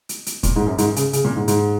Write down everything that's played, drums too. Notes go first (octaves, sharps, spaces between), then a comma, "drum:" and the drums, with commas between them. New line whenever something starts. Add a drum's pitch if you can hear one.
drum: hi-hat
drum: hi-hat
A#2, drum: kick, hi-hat
G#2
F#2
G#2, drum: hi-hat
C#3, drum: hi-hat
C#3, drum: hi-hat
A#2
G#2
G#2, drum: hi-hat